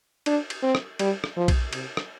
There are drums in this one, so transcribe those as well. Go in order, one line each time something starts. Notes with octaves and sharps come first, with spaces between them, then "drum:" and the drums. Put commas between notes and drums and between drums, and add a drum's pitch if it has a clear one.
D4, drum: cymbal
drum: cymbal
C4
drum: rim click
G3, drum: cymbal
drum: rim click
F3
drum: kick B1, cymbal
C3, drum: cymbal
drum: rim click